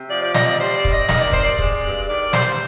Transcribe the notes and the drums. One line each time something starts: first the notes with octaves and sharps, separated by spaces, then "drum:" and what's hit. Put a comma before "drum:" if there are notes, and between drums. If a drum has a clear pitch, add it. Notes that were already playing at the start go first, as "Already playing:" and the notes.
Already playing: C3
F3 D5
D5
C3 D#5, drum: snare
D5
G3 C5
D5
C3, drum: kick
D#5
D#3 D#5, drum: snare
D5
C3 C5, drum: kick
D5
G#3, drum: kick
G2
D#3 D5
G2 C5, drum: snare